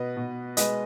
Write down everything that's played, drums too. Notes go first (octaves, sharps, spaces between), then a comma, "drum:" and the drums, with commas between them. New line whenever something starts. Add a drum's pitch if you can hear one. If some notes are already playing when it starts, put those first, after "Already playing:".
Already playing: B2 B4 D#5
B2
G#3 B4 D#5, drum: hi-hat